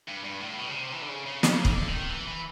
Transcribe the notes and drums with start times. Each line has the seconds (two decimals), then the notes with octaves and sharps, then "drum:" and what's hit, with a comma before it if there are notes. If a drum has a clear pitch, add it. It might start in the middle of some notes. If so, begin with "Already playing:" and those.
0.09 G2
0.25 G2
0.42 A2
0.59 B2
0.68 C#3
0.75 C3
0.93 E3
1.02 D3
1.09 C#3
1.26 C#3
1.43 C#3, drum: snare
1.65 D3, drum: kick
1.88 D#3
2.10 E3
2.27 E3